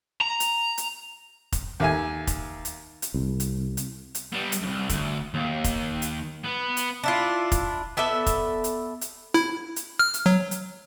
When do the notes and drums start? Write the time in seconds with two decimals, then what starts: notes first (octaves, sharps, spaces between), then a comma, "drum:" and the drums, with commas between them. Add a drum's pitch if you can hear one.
0.21 A#5
0.40 drum: hi-hat
0.78 drum: hi-hat
1.52 drum: kick F1, hi-hat
1.80 D#2 E5 G#5
2.27 drum: kick F1, hi-hat
2.65 drum: hi-hat
3.02 drum: hi-hat
3.14 C2
3.40 drum: hi-hat
3.77 drum: hi-hat
4.15 drum: hi-hat
4.33 G3 B3
4.52 drum: hi-hat
4.62 C2 G2
4.89 D2, drum: kick F1, hi-hat
5.34 D#2
5.64 drum: kick F1, hi-hat
6.02 drum: hi-hat
6.44 B3
6.77 drum: hi-hat
7.03 D4 E4 F4
7.52 drum: kick F1, hi-hat
7.97 B3 A4 D5 E5
8.26 drum: kick F1, hi-hat
8.64 drum: hi-hat
9.01 drum: hi-hat
9.34 E4
9.76 drum: hi-hat
9.99 F6
10.14 drum: hi-hat
10.26 F#3
10.51 drum: hi-hat